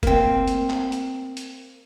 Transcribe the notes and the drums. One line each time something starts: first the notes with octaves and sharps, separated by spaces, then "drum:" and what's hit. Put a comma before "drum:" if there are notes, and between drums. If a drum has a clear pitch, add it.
A#3 C4, drum: kick F#1, hi-hat
drum: hi-hat
drum: clap
drum: hi-hat
drum: hi-hat